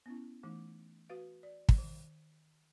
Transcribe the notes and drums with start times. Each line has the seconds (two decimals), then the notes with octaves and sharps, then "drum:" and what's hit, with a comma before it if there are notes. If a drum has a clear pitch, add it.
0.06 B3 C#4 E4
0.43 E3 A3 D#4
1.09 F#4 B4 F5
1.43 D5
1.69 drum: kick
1.78 D#3